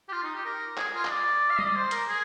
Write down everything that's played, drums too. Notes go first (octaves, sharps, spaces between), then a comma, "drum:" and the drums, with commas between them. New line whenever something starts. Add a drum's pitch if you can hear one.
G4
F4
D#4
G4
A#4
G#4, drum: clap
F4
D#5, drum: clap
D5
F5
D#5, drum: tom G3
D5
C5
A#4, drum: hi-hat
G#4